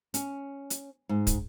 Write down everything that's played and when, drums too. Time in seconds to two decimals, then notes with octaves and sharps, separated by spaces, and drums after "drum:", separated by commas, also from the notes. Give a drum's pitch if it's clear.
0.14 C#4, drum: hi-hat
0.70 drum: hi-hat
1.09 G#2
1.27 drum: kick, hi-hat